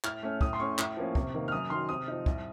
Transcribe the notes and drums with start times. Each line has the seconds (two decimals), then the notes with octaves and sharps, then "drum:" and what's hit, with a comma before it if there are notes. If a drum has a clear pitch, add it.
0.04 A2 F6, drum: clap
0.23 A3 C#4
0.41 A2 D#6, drum: kick
0.53 C6
0.60 A3 C#4 C#6
0.78 A2, drum: clap
0.97 F3 A#3 C#4
1.15 C3, drum: kick
1.34 D#3 A#3
1.48 F6
1.52 F#2 D#6
1.70 D#3 F#3 C6
1.89 C3 D#6
2.08 F3 C4 D#4
2.26 C2, drum: kick